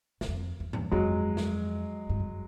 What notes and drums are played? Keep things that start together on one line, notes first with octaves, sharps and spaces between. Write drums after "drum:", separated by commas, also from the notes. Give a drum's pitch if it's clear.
E2, drum: snare
F2
E2
drum: tom
F2 F#3 G#3
drum: snare
G2
F#2